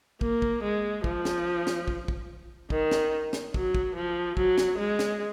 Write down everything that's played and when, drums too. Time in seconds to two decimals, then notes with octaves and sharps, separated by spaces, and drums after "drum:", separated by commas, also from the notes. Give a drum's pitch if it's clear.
0.21 A#3, drum: kick
0.42 drum: kick
0.63 G#3
1.04 F3, drum: kick
1.25 drum: snare
1.67 drum: snare
1.88 drum: kick
2.08 drum: kick
2.70 D#3, drum: kick
2.91 drum: snare
3.33 drum: snare
3.54 F#3, drum: kick
3.75 drum: kick
3.95 F3
4.37 F#3, drum: kick
4.58 drum: snare
4.78 G#3
4.99 drum: snare